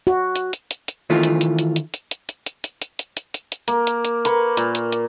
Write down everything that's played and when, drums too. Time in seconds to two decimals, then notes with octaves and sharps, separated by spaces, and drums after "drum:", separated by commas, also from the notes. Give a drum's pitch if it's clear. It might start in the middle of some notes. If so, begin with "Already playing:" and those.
0.07 F#4
0.36 drum: hi-hat
0.53 drum: hi-hat
0.71 drum: hi-hat
0.88 drum: hi-hat
1.10 D#3 E3 A3 F4
1.23 drum: hi-hat
1.41 drum: hi-hat
1.59 drum: hi-hat
1.76 drum: hi-hat
1.94 drum: hi-hat
2.11 drum: hi-hat
2.29 drum: hi-hat
2.46 drum: hi-hat
2.64 drum: hi-hat
2.82 drum: hi-hat
2.99 drum: hi-hat
3.17 drum: hi-hat
3.34 drum: hi-hat
3.52 drum: hi-hat
3.68 A#3, drum: hi-hat
3.87 drum: hi-hat
4.05 drum: hi-hat
4.25 A#3 B4 C#6, drum: hi-hat
4.57 A#2, drum: hi-hat
4.75 drum: hi-hat
4.92 drum: hi-hat